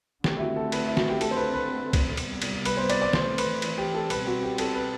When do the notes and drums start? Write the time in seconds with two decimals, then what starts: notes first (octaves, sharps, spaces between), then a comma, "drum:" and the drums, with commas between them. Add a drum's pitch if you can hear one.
0.24 D3 A3 C4 G4, drum: snare
0.37 E4
0.41 F#4
0.56 A4
0.72 B4, drum: cymbal
0.85 E4
0.97 F#4, drum: snare
1.10 G4
1.21 D3 A3 C4 A4, drum: cymbal
1.31 C5
1.37 B4
1.54 B4
1.93 drum: kick, cymbal
2.17 C3 G3 B3, drum: cymbal
2.42 drum: cymbal
2.65 B4, drum: cymbal
2.77 C5
2.90 D5, drum: cymbal
3.02 D5
3.13 E3 A3 C4 C5, drum: snare
3.38 B4, drum: cymbal
3.62 drum: cymbal
3.78 G4
3.94 A4
4.10 B2 G3 C4 B4, drum: cymbal
4.27 F#4
4.43 G4
4.58 A4, drum: cymbal
4.75 B4